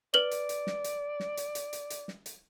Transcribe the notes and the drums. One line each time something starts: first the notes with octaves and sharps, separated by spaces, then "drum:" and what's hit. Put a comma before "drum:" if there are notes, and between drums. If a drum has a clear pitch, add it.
B4 D5 F#7 G7
drum: hi-hat
drum: hi-hat
drum: snare
drum: hi-hat
drum: snare
drum: hi-hat
drum: hi-hat
drum: hi-hat
drum: hi-hat
drum: snare
drum: hi-hat